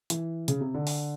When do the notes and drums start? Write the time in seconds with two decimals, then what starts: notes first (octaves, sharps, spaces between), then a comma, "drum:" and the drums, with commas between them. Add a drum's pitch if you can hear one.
0.10 E3, drum: hi-hat
0.48 C#3, drum: hi-hat
0.61 C3
0.74 D3
0.87 drum: open hi-hat